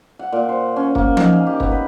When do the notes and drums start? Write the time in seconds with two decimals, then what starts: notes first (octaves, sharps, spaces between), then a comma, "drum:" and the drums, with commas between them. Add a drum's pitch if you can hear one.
0.19 F#5
0.32 A#2
0.49 C5
0.76 C#4
0.95 A#3, drum: kick
1.17 D#4, drum: tom F3
1.32 G#4
1.47 G4
1.60 B3, drum: kick
1.71 B4